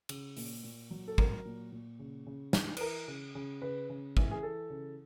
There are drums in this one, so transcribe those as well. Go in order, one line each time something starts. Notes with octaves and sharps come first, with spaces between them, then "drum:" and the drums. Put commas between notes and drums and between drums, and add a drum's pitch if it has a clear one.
C#3, drum: cymbal
A#2, drum: open hi-hat
A#2
F#3
A4
F#3 A#4, drum: kick
A#2
A#2
C#3
C#3
E3, drum: snare
B4, drum: cymbal
E3 A#4
C#3
C#3
C#3 B4
C#3
E3, drum: kick
G#4
E3 A4
C#3